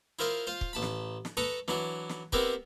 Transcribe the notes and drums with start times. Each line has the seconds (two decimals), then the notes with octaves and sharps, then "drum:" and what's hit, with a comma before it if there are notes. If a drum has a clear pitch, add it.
0.19 E4 F4 A#4 C5 D#5
0.47 F4 C5
0.61 drum: kick
0.73 A1 A5 B5
0.82 drum: snare
1.25 drum: snare
1.37 A4 B4 A#5 C#6 D#6
1.68 E3 F#3 D4, drum: snare
2.09 drum: snare
2.32 B3 C4 E4 G4 A#4 B4, drum: kick